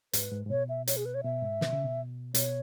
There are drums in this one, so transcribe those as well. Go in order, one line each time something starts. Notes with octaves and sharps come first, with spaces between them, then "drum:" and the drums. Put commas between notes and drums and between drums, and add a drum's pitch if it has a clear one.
G#2 B4, drum: hi-hat
G#2
G#2
B2 C#5
E5
C#5, drum: hi-hat
G#4
B4
C#5
B2 E5
G#2
B2, drum: snare
C#3
B2
B2 C#5, drum: hi-hat